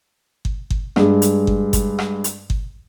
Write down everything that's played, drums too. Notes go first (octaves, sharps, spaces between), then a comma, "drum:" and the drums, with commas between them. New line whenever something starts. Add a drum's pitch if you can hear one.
drum: kick G1
drum: kick G1
G2 G#3, drum: rim click
drum: hi-hat
drum: kick G1
drum: kick G1, hi-hat
drum: rim click
drum: hi-hat
drum: kick G1